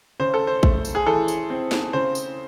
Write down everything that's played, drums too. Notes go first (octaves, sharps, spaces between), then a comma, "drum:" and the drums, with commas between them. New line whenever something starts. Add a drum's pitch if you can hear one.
C#3 C5
A4
C5
A3, drum: kick
drum: tambourine
G#4
E3 A4
drum: tambourine
C4
drum: snare
C#3 C5
drum: tambourine